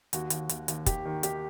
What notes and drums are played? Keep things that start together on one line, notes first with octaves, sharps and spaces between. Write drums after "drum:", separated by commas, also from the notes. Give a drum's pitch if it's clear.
D#2 F#4, drum: hi-hat
D#2, drum: hi-hat
D#2, drum: hi-hat
D#2, drum: hi-hat
D#2 G4, drum: kick, hi-hat
D#3
D#3 G4, drum: hi-hat